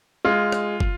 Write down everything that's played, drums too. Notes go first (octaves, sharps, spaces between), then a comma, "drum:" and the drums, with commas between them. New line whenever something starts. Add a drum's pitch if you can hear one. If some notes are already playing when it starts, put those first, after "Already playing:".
G#3 F4
drum: rim click
drum: kick